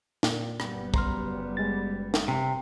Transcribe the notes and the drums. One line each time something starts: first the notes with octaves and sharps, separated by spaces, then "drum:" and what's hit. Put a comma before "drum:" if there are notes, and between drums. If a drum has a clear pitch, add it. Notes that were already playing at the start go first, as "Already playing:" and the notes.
A#2, drum: snare
F#1 G3 B3, drum: rim click
A#5 C6 F6, drum: kick
G#3 A6
drum: snare
C3